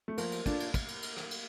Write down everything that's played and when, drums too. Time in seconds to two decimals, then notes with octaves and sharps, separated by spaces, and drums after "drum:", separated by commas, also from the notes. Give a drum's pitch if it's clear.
0.08 A3
0.18 F3 A#3, drum: cymbal
0.32 drum: cymbal
0.46 A3 D4 F4, drum: kick, cymbal
0.60 drum: cymbal
0.74 drum: kick, cymbal
0.88 drum: cymbal
1.02 drum: cymbal
1.17 drum: rim click
1.31 drum: cymbal